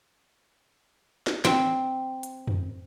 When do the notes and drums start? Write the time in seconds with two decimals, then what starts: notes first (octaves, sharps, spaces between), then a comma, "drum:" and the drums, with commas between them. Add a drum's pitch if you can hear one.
1.27 drum: snare
1.45 C4, drum: snare
2.23 drum: hi-hat
2.48 drum: tom F2